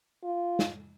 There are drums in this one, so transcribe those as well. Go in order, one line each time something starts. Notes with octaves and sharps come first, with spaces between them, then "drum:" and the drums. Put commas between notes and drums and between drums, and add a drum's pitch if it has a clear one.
F4
drum: snare